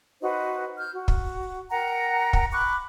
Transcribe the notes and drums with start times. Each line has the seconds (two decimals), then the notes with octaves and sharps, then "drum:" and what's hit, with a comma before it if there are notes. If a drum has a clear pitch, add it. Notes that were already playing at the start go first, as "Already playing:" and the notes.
0.21 D#4 F#4 B4 C5
0.76 F6 G6
0.92 F#4
1.08 drum: kick
1.70 A#4 F#5 G5 A#5
2.33 drum: kick
2.52 B5 C#6 D6 F#6